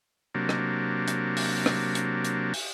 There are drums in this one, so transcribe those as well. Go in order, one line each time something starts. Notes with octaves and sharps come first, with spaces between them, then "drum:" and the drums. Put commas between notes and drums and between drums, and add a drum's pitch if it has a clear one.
C3 F#3 A#3 D4
drum: rim click
drum: hi-hat
drum: open hi-hat
drum: rim click
drum: hi-hat
drum: hi-hat
drum: open hi-hat